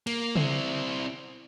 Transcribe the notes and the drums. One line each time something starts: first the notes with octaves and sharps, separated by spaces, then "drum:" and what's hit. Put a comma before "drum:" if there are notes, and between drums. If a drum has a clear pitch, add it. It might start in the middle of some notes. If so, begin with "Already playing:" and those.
A#3, drum: cymbal
C4 E4, drum: tom C#3